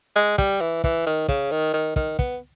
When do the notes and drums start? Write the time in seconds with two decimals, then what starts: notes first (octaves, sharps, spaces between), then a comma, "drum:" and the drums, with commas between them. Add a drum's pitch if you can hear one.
0.16 G#3
0.38 G3, drum: kick
0.61 E3
0.84 E3, drum: kick
1.06 D#3
1.28 C#3, drum: kick
1.51 D#3
1.74 D#3
1.96 D#3, drum: kick
2.19 B3, drum: kick